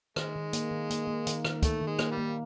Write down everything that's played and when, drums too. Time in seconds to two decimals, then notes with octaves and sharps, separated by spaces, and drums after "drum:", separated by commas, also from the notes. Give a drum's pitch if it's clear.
0.16 D#3 G#3, drum: rim click
0.36 D#3
0.53 A#3, drum: hi-hat
0.71 D#3
0.90 A#3, drum: hi-hat
1.08 A#3
1.27 D#3, drum: hi-hat
1.45 D#3, drum: rim click
1.62 D#3 A3, drum: kick, hi-hat
1.81 D#3
1.87 G#3
1.99 A#3, drum: rim click
2.11 G3
2.18 A#3